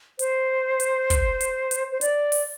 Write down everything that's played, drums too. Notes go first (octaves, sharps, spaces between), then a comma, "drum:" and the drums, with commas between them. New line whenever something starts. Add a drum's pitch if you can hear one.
C5, drum: hi-hat
drum: hi-hat
drum: kick, hi-hat
drum: hi-hat
drum: hi-hat
C5
D5, drum: hi-hat
drum: open hi-hat